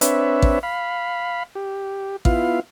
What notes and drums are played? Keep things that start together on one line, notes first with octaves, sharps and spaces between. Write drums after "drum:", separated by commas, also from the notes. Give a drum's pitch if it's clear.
C4 D4 B4 C#5 E5, drum: hi-hat
drum: kick A1
F5 B5
G4
B3 E4 F4 F5, drum: kick A1